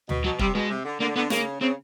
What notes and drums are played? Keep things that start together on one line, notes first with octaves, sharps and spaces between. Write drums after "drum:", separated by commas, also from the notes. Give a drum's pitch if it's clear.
B2, drum: tom D2
B2 F#3
C3 G3, drum: kick
B2 G#3
C3
D3
D3 A#3
D3 B3
C#3 A#3, drum: snare
C#3 C4